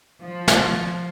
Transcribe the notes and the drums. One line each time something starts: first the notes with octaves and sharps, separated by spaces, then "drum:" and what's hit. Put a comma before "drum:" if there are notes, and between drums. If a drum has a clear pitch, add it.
F3
drum: snare